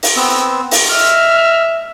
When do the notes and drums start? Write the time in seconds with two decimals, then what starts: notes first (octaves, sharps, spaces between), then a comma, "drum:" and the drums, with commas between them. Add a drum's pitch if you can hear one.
0.03 drum: open hi-hat
0.16 B3 C4 E6
0.71 drum: open hi-hat
0.90 D#5 E5 F6